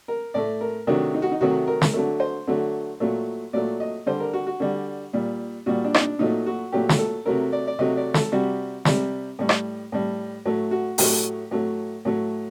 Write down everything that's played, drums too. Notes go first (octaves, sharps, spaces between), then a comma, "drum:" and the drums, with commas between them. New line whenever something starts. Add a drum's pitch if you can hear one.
A#4
A2 A3 D5
A#4
C3 D#3 F#3 A3 D4
D#4
F#4
D#4
C3 D#3 F#3 A3 F#4
A#4
drum: snare
D3 F#3 A3
C5
D3 F#3 A3
A#2 F#3 A3
A#2 F#3 A3 D5
D#5
D3 G3 C5
A#4
F#4
F#4
D3 G3
A#2 G3
A#2 G3 F#4
D4
D#4, drum: rim click
D4
A#2 F#3 A3 D#4
F#4
A#2 F#3 A3 G4
drum: snare
A4
C3 F#3 A3 A#4
D5
D5
C3 F#3 A3 D#5
D5
A4, drum: snare
C3 G3 F#4
C3 G3, drum: snare
A2 G3
drum: rim click
A2 G3
A2 F#3 A3
F#4
A2 F#3 A3 G4, drum: open hi-hat
A2 F#3 A3
A2 F#3 A3